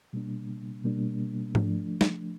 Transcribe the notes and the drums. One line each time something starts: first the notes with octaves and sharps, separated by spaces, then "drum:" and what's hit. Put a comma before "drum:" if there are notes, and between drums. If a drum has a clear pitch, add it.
B2 G3 A#3 D4
B2 G3 A#3 D4
F3 A3 D4, drum: tom G#2
drum: snare